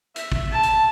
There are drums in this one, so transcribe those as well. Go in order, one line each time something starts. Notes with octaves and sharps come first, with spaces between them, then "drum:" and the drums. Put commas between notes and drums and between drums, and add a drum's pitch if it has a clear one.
E5, drum: hi-hat
drum: kick
A5
drum: hi-hat